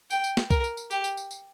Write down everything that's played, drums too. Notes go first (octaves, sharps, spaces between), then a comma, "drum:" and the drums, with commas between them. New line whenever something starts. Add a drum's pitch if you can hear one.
G5, drum: tambourine
drum: tambourine
drum: snare
A#4, drum: kick C2, tambourine
drum: tambourine
drum: tambourine
G4, drum: tambourine
drum: tambourine
drum: tambourine
drum: tambourine